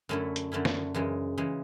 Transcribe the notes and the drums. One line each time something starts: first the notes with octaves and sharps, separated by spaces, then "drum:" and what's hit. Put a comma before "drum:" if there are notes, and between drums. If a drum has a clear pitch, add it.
F#2 D3 A3 C#4 E4
drum: hi-hat
F#2 D3 A3 C#4 E4
drum: snare
F#2 C#3 E3 G#3
C#3 E3 G#3